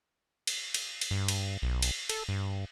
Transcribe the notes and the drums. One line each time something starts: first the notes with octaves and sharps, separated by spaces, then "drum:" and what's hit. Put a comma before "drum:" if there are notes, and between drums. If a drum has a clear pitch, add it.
drum: cymbal
drum: cymbal
drum: cymbal
G2
drum: cymbal
B1
drum: cymbal
A4, drum: cymbal
G2